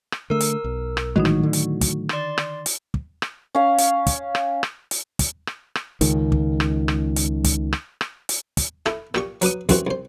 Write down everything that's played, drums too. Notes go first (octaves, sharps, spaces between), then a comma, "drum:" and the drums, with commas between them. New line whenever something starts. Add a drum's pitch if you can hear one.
drum: rim click
D3 A3 A#4 E6
drum: hi-hat
B1
drum: rim click
A#1 A2 D#3 E3 F#3 G#3 D#4 F#4
drum: rim click
D3
drum: hi-hat
drum: kick, hi-hat
D5 C6 A6, drum: rim click
drum: rim click
drum: hi-hat
drum: kick
drum: rim click
C#4 F5
drum: hi-hat
drum: kick, hi-hat
drum: rim click
drum: rim click
drum: hi-hat
drum: kick, hi-hat
drum: rim click
drum: rim click
C#2 D#3, drum: hi-hat
drum: kick
drum: rim click
drum: rim click
drum: hi-hat
drum: kick, hi-hat
drum: rim click
drum: rim click
drum: hi-hat
drum: kick, hi-hat
E4 A4, drum: rim click
A#2 G4 C#6, drum: rim click
F#3 B4 D6 D#6, drum: hi-hat
C2 F#2 E3 C4 F#4, drum: kick, hi-hat
C2 C5